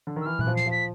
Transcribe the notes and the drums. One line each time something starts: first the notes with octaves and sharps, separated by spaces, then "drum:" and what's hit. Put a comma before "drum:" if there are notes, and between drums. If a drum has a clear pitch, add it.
D3
D#3
E6
E3 F6
E3 F#6, drum: tom A#2
F3
C7, drum: snare
F3
B6